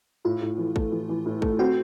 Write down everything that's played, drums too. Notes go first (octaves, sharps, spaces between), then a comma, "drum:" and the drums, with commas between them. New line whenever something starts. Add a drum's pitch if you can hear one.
A2 F4
A2
E3
A3, drum: kick
E3
E3
A2
A3, drum: kick
C4 F#4